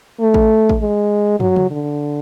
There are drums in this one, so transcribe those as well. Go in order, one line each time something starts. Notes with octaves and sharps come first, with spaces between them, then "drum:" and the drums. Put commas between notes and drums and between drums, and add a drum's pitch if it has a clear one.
A3
drum: kick A1
drum: kick A1
G#3
F#3, drum: tom
drum: tom C3
D3